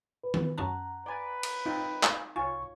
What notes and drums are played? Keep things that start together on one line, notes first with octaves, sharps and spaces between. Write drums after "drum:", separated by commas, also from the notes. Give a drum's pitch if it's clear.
B4
drum: tom D#3
F#2 C#4 F#5 A5 A#5 F#6
B4 D5 G#5
drum: cymbal
C4 D#4 F4
drum: clap
C2 F4 C#5 G#5 C#6